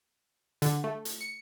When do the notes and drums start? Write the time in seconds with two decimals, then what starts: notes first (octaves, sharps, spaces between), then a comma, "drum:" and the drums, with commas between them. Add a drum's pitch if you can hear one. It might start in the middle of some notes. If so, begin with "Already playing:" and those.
0.62 D3, drum: hi-hat
0.84 A3
1.05 drum: hi-hat
1.21 C#7